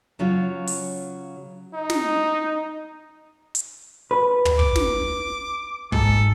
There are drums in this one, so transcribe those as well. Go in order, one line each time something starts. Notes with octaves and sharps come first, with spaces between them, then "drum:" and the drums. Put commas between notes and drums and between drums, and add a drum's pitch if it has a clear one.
C#3 F#3 C#4 F4
drum: open hi-hat
D#4
drum: snare
drum: hi-hat
B4
drum: tom
D6, drum: kick
drum: snare
G#2 A4, drum: kick